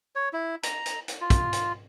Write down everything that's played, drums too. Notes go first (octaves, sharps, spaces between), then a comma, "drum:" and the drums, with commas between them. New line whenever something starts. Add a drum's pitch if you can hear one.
C#5
E4
A#5, drum: hi-hat
drum: hi-hat
drum: hi-hat
F4
drum: kick, hi-hat
drum: hi-hat